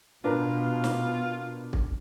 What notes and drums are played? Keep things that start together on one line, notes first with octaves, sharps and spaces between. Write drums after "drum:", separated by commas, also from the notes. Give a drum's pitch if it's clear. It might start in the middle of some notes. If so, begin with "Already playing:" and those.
B2 D4 F4 A#4 B4
drum: snare
drum: kick